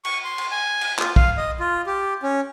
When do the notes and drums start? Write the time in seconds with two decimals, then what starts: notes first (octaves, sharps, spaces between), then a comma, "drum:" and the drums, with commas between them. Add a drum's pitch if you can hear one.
0.05 C#6, drum: cymbal
0.25 C6
0.38 drum: cymbal
0.51 G#5
0.81 drum: cymbal
0.99 F4, drum: clap
1.16 F5, drum: kick
1.37 D#5
1.60 F4
1.87 G4
2.23 C#4